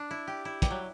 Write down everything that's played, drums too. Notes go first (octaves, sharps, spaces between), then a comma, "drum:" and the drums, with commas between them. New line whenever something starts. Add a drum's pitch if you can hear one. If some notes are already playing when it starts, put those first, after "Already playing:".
Already playing: D4
E4
G4
E4
G3, drum: kick, hi-hat
F#3